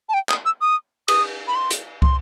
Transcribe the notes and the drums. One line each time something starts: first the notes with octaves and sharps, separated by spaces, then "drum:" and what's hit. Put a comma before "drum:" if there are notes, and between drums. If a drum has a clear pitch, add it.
A5
G5
D#6, drum: clap
E6
D#6
D#6, drum: cymbal
B5
C6
drum: hi-hat
C6, drum: kick